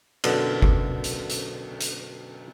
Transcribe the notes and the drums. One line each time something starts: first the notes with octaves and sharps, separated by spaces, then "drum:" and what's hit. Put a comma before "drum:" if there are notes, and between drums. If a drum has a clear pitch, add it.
F#2 B2 D3, drum: cymbal
drum: kick G1
drum: hi-hat
drum: hi-hat
drum: hi-hat